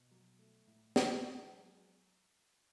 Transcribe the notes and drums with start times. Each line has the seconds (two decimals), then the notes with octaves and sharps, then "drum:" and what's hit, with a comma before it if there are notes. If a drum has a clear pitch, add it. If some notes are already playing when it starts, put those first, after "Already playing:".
Already playing: B2
0.11 F#3
0.39 A3
0.67 A2
0.96 E3, drum: snare
1.24 G#3
1.53 F#3